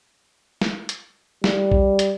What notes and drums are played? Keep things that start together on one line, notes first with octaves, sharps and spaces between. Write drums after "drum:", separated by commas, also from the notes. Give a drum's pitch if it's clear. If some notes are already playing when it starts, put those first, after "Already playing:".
drum: snare
drum: hi-hat
G3, drum: snare
drum: kick A#1
drum: hi-hat